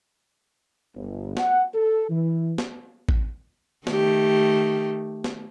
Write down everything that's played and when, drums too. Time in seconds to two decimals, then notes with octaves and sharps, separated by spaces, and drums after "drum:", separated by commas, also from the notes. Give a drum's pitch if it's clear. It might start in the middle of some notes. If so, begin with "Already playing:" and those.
0.95 G1
1.37 F#5, drum: snare
1.74 A4
2.09 E3
2.58 drum: snare
3.09 drum: kick
3.87 D#3 A3 G4, drum: snare
5.24 drum: snare